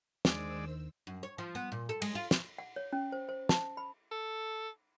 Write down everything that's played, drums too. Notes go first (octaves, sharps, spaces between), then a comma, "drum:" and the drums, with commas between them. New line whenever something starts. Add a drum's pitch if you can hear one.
D#2 D#3 G#3 D4 C5 D5 E6, drum: snare
F#2
C#5
F3
B3
A#2
A4
G#3, drum: cymbal
F4
drum: snare
F#5
C#5
C#4
C5
C5
A5, drum: snare
B5
A4